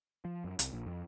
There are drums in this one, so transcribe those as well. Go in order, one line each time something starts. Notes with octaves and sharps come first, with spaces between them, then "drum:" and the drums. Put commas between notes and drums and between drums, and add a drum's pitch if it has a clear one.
F3
F#2
C2, drum: hi-hat
A#1
F2